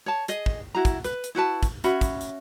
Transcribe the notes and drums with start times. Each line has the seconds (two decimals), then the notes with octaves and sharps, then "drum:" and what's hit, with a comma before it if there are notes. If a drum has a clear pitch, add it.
0.06 C#5 A5
0.28 G#4 D#5, drum: hi-hat
0.46 drum: kick
0.75 E4 F#4 A#5
0.85 drum: kick, hi-hat
1.04 B4, drum: hi-hat
1.24 drum: hi-hat
1.35 E4 F#4 B4 A5
1.63 drum: kick, hi-hat
1.84 C#4 F#4 E5 B5, drum: hi-hat
2.01 drum: kick, hi-hat
2.21 drum: hi-hat